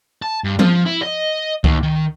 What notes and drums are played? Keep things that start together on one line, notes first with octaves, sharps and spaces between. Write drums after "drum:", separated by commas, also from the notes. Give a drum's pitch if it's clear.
A5
G2
F3, drum: tom F3
E4
D#5
D#2, drum: kick C#2
D#3